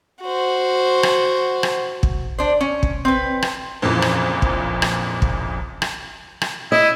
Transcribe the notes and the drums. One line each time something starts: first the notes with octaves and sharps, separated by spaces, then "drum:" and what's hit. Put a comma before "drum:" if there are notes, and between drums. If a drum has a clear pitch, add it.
F#4 C5
drum: rim click
drum: rim click
drum: kick
D4 C5
C#4
drum: kick
C4 B4
drum: rim click
A#1 F2 A#2 C#3 E3 F3
drum: rim click
drum: kick
drum: rim click
drum: kick
drum: rim click
drum: rim click
E4 D#5